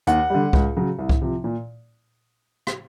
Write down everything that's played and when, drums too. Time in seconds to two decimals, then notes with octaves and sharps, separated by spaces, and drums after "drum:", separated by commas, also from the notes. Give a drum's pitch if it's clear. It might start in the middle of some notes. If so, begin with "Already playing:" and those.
0.07 D#2 F#5, drum: hi-hat
0.30 D3 G3
0.53 C#2, drum: kick C2
0.77 C#3 F#3
0.99 C2
1.09 drum: kick C2
1.22 C3 F3
1.44 A#2
2.67 drum: rim click